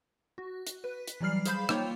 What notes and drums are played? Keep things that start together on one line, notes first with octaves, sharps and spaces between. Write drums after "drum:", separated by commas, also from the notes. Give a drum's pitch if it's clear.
F#4
drum: hi-hat
B4
drum: hi-hat
E3 F#3 G3 D5 F6 C7
G#4 C5 F5 B5 G6, drum: hi-hat
A#3 D#4 F4 C#5 G5, drum: rim click